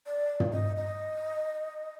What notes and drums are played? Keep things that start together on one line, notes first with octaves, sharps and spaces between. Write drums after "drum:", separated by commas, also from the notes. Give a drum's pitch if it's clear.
D5
drum: tom
D#5
D#5